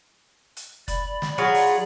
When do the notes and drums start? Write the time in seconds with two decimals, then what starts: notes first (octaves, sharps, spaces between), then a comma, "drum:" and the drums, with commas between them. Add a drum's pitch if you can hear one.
0.57 drum: hi-hat
0.88 D5 B5, drum: kick F#1, hi-hat
1.22 drum: snare
1.38 F#3 F4 G#4
1.54 drum: open hi-hat